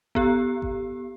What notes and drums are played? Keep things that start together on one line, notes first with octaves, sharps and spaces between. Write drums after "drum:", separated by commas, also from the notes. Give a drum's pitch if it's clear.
B3 G4, drum: kick G#1
drum: kick G#1